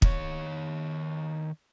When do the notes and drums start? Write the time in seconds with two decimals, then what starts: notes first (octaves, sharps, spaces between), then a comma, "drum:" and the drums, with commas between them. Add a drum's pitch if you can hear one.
0.02 D#3 C#5, drum: kick